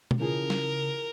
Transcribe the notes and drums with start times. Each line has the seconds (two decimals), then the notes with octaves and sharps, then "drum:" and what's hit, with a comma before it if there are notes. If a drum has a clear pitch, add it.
0.11 drum: tom B2
0.20 C#3 E3 F3 G#4 A#4
0.50 drum: snare